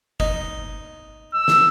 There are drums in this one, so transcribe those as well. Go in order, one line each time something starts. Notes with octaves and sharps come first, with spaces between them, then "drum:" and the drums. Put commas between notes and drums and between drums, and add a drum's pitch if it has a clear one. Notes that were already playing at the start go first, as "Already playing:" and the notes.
D#4, drum: kick F#1
E6
drum: snare